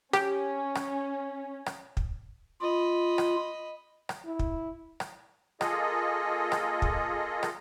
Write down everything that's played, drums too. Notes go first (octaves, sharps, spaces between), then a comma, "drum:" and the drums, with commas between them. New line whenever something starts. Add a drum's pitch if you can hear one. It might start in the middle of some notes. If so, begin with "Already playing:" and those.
C#4 G4, drum: rim click
drum: rim click
drum: rim click
drum: kick
F4 D#5 B5
drum: rim click
drum: rim click
E4
drum: kick
drum: rim click
A#3 F4 G#4 A4 D#5, drum: rim click
drum: rim click
drum: kick
drum: rim click